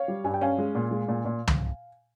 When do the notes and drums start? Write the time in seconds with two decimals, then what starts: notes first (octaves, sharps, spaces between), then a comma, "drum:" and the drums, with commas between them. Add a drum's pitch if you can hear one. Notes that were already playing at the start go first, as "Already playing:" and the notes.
Already playing: C#5 F5
0.08 G3
0.24 G2 G#5
0.34 G5
0.41 C#4 F5 G#5
0.58 G#3
0.75 A#2
0.91 G#3
1.08 A#2
1.25 A#2
1.47 drum: tom